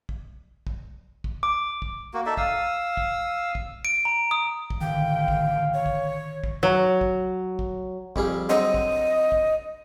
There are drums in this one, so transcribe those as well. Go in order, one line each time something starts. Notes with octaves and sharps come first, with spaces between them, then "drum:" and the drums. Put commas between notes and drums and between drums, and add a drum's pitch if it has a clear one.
drum: kick
drum: kick
drum: kick
D6
drum: kick
A#3 F#4
D#4 A4 D5 E5
F5 D#6 E6, drum: kick
drum: kick
drum: kick
D7
A#5
D#6
drum: kick
A1 D3 D#3 F5 G5
drum: kick
C#5
drum: kick
drum: kick
F#3
drum: kick
drum: kick
F2 G3 G#4, drum: kick
D3 F#3 C4 D#5
drum: kick
drum: kick